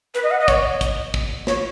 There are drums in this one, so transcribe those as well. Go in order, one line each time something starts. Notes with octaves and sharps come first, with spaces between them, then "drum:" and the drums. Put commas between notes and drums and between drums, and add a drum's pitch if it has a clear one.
B4, drum: hi-hat
D#5
F#5
D#5
C#5, drum: kick, hi-hat
drum: kick, hi-hat
drum: kick
C#5, drum: snare